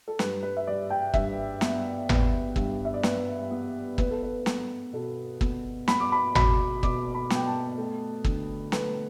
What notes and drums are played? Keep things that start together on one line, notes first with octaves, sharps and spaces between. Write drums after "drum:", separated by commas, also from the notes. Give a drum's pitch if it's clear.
A4
G2 B4, drum: snare
B4
E5
G3 D5
G5
G2 E5, drum: kick
B3, drum: snare
B3, drum: tom G#1
G2, drum: kick
E5
D5
B3 B4, drum: snare
B3
B3 B4, drum: kick
A4
B4
B3, drum: snare
B2 A4
B3, drum: kick
B3 B5, drum: snare
D6
B5
B2 B5, drum: tom G#1
B2 D6, drum: kick
B5
B3 G5, drum: snare
A5
A3
D3, drum: kick
A3 B4, drum: snare